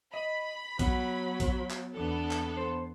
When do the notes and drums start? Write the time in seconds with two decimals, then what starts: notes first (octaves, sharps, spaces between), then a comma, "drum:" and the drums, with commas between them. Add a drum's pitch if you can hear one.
0.14 D#5 B5
0.79 F#3 B3 F#5, drum: kick A#1, hi-hat
1.40 drum: kick A#1, hi-hat
1.70 drum: clap
1.94 E2 B3 D4 A4
2.31 drum: clap
2.57 C5